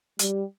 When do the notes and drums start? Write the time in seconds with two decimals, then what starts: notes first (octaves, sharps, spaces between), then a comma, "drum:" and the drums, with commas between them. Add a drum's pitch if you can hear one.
0.19 G3, drum: hi-hat